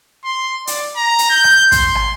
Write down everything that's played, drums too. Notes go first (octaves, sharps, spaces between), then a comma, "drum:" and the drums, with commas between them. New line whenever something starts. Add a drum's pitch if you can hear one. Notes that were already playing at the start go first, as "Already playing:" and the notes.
C6
D5, drum: hi-hat
A#5
drum: hi-hat
G6
drum: rim click
C6, drum: kick, hi-hat
drum: rim click